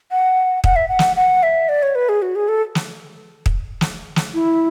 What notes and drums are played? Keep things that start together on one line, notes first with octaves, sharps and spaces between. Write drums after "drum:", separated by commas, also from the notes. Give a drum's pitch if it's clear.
F#5
F#5, drum: kick
E5
F#5
drum: snare
F#5
E5
D5
C#5
B4
G#4
F#4
G#4
A4
drum: snare
drum: kick
drum: snare
drum: snare
E4